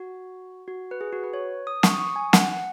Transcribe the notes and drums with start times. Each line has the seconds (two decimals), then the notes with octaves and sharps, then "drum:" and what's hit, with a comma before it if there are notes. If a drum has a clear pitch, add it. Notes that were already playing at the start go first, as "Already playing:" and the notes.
Already playing: F#4
0.68 F#4
0.91 B4
1.01 G#4
1.13 F#4
1.23 B4
1.34 C#5
1.67 D#6
1.83 C#6, drum: snare
1.94 D#6
2.00 C#6
2.16 G#5
2.33 F#5, drum: snare